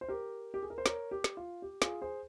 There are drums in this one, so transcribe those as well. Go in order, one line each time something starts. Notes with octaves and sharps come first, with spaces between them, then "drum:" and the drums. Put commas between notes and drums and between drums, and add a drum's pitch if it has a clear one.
C5
G4 A#4
G4
G#4
A#4
C5
A#4 C#5, drum: snare
G4
drum: snare
F4
G4
F4 G#4, drum: snare
G#4 C5